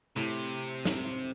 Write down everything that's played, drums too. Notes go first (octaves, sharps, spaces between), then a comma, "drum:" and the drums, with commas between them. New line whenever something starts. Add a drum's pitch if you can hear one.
A2 C3
drum: snare